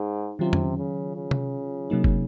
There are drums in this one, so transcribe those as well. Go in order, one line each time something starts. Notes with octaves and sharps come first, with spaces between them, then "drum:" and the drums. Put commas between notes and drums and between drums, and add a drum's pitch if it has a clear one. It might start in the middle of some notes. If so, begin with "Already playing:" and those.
Already playing: G#2 D#4 G#4
C3 D#3 F#3 C#4 F4
drum: tom F2
C#3
C#3
drum: tom C3
C3 F#3 A#3 D#4
drum: kick